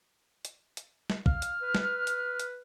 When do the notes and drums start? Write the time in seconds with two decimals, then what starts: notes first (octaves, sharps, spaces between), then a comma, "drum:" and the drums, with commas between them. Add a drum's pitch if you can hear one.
0.45 drum: hi-hat
0.77 drum: hi-hat
1.10 drum: snare
1.26 F5 F6, drum: kick
1.42 drum: hi-hat
1.61 B4
1.75 drum: snare
2.07 drum: hi-hat
2.40 drum: hi-hat